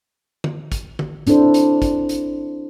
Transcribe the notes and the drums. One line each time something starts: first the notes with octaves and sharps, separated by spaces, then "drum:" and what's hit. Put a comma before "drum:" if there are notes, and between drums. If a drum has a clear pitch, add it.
drum: tom
drum: kick, hi-hat
drum: tom
C4 D4 E4 A4 C5, drum: hi-hat
drum: hi-hat
drum: kick, hi-hat
drum: hi-hat